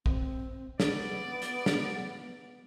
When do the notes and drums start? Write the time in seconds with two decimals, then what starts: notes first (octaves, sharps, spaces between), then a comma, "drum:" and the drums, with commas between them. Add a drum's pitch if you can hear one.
0.06 C4, drum: kick
0.80 B3 D5, drum: snare
1.42 drum: hi-hat
1.66 drum: snare